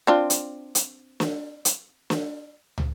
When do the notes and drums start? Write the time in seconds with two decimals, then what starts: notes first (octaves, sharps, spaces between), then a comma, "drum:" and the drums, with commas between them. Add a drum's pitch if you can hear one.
0.07 C4 D4 F4
0.30 drum: hi-hat
0.75 drum: hi-hat
1.20 drum: snare
1.65 drum: hi-hat
2.10 drum: snare
2.78 drum: tom